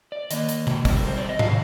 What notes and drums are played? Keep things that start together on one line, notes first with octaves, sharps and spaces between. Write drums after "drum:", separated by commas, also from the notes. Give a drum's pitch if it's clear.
D5
D#3 A#3 D#5, drum: hi-hat
drum: hi-hat
drum: tom B2
D3 G3 C4, drum: kick, open hi-hat
A#4
C5
D5
D#5
C3 D#3 F5, drum: tom G#2